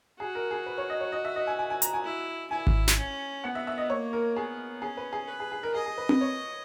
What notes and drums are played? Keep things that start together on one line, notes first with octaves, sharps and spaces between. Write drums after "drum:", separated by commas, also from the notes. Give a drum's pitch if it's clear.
F#4 G#4
A#4
G#4
B4
C#5
D#5
C#5
D#5
E5
D#5
G#5
G#5
G#5
A#5, drum: hi-hat
G#5
E4
E4 G#5
drum: kick G#1
drum: snare
C#4
B3 F#5
E5
E5
D#5
A#3 C#5
A#4
B3 G#4
C#4 G#4
B4
G#4
B4
G#4
G#4
A#4
G#4 D#5
G#4
B4
B4, drum: tom C4
C#5